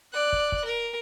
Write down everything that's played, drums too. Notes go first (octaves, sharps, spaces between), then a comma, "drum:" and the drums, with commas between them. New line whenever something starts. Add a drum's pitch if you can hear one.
D5 F#6
drum: kick
drum: kick
A#4